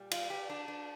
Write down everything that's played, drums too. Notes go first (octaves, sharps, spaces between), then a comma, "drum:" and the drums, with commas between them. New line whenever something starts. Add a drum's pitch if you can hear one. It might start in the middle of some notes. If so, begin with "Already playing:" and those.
Already playing: A#2 G3
F4, drum: cymbal
G4
D4
D4